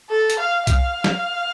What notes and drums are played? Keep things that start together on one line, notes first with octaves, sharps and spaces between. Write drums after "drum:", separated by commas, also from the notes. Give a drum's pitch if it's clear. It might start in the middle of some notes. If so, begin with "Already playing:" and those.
A4
drum: hi-hat
F5
F5, drum: kick B1, hi-hat
drum: snare